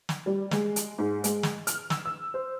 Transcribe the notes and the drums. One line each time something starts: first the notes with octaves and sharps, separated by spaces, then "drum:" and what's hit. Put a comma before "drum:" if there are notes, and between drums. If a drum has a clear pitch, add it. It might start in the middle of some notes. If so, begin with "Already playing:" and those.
drum: snare
G3
G#3, drum: snare
drum: hi-hat
G#2
G#3, drum: hi-hat
drum: snare
F6, drum: hi-hat
E6, drum: snare
E6
C5